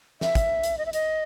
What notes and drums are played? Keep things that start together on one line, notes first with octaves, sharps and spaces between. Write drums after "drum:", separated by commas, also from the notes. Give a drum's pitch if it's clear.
E5, drum: snare
drum: kick, hi-hat
drum: hi-hat
D#5
E5
D#5, drum: hi-hat